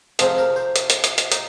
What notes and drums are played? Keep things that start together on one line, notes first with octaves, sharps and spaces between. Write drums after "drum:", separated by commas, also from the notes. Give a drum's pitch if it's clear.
F2 C3 F3 C4 G#4, drum: hi-hat
A#4
C5
drum: hi-hat
drum: hi-hat
drum: hi-hat
drum: hi-hat
D#4, drum: hi-hat